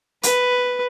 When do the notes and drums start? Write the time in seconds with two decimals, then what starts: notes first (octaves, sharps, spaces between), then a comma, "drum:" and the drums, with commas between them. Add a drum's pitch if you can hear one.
0.23 B4, drum: hi-hat